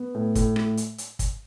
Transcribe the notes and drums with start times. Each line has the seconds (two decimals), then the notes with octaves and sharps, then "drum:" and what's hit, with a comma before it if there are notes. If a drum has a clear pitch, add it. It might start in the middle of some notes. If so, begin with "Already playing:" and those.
Already playing: B3
0.14 A2
0.35 A2, drum: kick, hi-hat
0.56 A2, drum: rim click
0.77 drum: hi-hat
0.98 drum: hi-hat
1.19 drum: kick, hi-hat